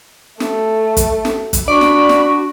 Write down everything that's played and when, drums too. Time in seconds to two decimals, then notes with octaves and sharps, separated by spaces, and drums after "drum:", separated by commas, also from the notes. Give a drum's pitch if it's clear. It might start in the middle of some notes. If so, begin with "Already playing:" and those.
0.40 A3, drum: snare
0.97 drum: kick, hi-hat
1.25 drum: snare
1.53 drum: kick, hi-hat
1.68 D4 F#4 D5 B5 C#6
1.81 drum: snare
2.09 drum: snare